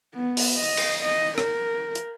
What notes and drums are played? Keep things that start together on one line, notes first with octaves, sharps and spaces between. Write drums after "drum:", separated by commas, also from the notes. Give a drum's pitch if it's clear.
B3
drum: open hi-hat
D#5
drum: cymbal
D#5
A#4, drum: rim click
drum: hi-hat